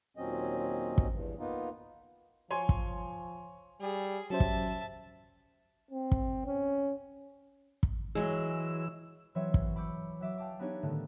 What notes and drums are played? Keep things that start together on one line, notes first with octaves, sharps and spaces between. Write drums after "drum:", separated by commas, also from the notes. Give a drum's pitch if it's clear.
D#2 A#2 F#3 C4 C#4 D#5
drum: kick
E2 G2
A#3 B3 D#4 F4
F3 C#5 G#5 C6
drum: kick
G3 G#4
F#3 C#4 G4 C5 E5 A5
drum: kick
C4
drum: kick
C#4
drum: kick
E3 F#3 G#3 E6
E3 F#3 C4 C#5 E5
drum: kick
B5 D6 E6 G6 C#7
F#3 F#4 E5 D6
F5 G5 A5 D6
B3 D4 D#4 G4 C#5
A2 D3 D#3 A3